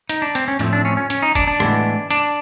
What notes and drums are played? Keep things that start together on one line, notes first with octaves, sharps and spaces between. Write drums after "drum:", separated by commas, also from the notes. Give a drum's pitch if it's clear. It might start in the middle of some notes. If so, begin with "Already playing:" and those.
D#4, drum: hi-hat
D4
C4, drum: hi-hat
C#4
A2 F3 A3 C4 D4, drum: hi-hat
D4
C#4
C#4
C#4, drum: hi-hat
D#4
D4, drum: kick, hi-hat
D4
A2 E3 G#3 B3, drum: rim click
D4, drum: hi-hat